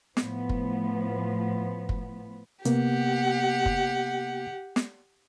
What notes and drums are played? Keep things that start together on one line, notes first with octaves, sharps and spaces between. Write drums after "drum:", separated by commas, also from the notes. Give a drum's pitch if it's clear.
A2 F3 B3, drum: snare
drum: kick
drum: kick
C3 A#3 B3 G4 F#5, drum: hi-hat
drum: kick
drum: snare